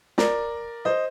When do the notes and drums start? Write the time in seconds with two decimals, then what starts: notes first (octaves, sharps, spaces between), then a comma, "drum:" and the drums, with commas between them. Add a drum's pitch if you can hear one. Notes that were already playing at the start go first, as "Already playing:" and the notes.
0.18 A#4 D5, drum: snare
0.85 C5 D#5